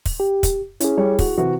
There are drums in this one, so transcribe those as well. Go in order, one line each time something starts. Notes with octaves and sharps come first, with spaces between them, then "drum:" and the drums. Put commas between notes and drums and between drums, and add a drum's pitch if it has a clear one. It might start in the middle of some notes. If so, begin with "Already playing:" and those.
drum: kick, open hi-hat
G4
drum: kick, hi-hat
C#4 E4 G#4, drum: hi-hat
G3 C#5
F#4, drum: kick, open hi-hat
C3 E3 F#4